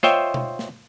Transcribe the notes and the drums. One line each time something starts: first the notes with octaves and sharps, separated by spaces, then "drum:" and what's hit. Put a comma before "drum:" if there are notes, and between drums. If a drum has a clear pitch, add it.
F4 C5 C#5 D#5 E5 G5, drum: snare
drum: tom B2
drum: snare